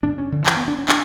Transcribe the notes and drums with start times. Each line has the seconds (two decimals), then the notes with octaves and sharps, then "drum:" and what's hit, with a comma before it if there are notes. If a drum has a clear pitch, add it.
0.03 F#2 C#3 D4
0.18 C#4
0.32 D3
0.46 E3, drum: clap
0.57 B3
0.68 D4
0.79 C#4
0.89 D4, drum: clap